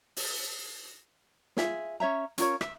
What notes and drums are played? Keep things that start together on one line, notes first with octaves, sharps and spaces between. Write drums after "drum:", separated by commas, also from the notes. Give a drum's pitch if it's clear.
drum: open hi-hat
F4 G#4 E5, drum: snare
C#4 C#5 E5 A#5
C#4 F4 A#4 C#5, drum: hi-hat
E5, drum: rim click